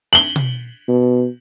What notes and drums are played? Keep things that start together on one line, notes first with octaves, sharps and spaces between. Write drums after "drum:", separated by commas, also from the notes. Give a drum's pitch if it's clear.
F#7 G7
drum: tom B2
B2